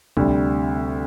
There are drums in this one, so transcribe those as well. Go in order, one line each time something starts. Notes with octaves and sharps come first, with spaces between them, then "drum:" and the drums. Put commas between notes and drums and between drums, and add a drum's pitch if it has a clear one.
D2 C3 G3, drum: kick C2